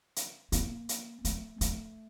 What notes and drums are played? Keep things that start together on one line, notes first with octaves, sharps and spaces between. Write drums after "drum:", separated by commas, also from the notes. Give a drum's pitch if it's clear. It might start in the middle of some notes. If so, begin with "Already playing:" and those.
drum: hi-hat
A#3, drum: hi-hat
drum: hi-hat
A3, drum: hi-hat
A3, drum: hi-hat